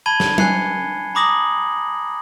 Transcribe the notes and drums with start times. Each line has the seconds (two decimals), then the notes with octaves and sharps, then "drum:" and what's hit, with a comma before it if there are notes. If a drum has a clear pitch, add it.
0.06 A5 B5 G#6 D#7 G7
0.20 drum: snare
0.38 G#5 F#6 C7 C#7, drum: tom F#3
1.15 A#5 B5 D6 D#6 A#6 F#7